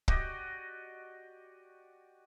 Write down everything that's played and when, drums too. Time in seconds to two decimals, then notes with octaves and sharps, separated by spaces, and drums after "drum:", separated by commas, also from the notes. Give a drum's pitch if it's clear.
0.08 F#4 G4 D5 D#5, drum: kick